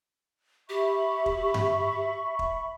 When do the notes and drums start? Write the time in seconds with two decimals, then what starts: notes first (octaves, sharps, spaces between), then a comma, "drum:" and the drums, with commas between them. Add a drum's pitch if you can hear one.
0.69 G4 E5 B5 C#6
1.26 drum: kick
1.54 drum: tom G2
2.39 drum: kick